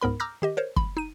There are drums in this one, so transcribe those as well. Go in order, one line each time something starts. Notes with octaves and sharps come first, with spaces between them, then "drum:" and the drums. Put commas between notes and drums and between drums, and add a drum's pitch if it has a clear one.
C#2 G#2 B3 A#4 B5
A#5 D6 E6 F6 G6 A#6
D#3 G4 D#5
A#4 C5 C#5
B5, drum: kick
D#4 D#7